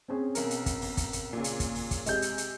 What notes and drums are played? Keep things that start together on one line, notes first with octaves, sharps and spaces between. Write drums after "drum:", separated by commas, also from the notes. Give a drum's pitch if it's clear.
C4 C#4 G#4
B1 A#4, drum: hi-hat
drum: hi-hat
drum: kick, hi-hat
drum: open hi-hat
drum: kick, hi-hat
drum: hi-hat
A#2 C#3
drum: hi-hat
drum: kick, hi-hat
drum: open hi-hat
drum: kick, hi-hat
C3 G#3 D#5 G6, drum: hi-hat
drum: hi-hat
drum: hi-hat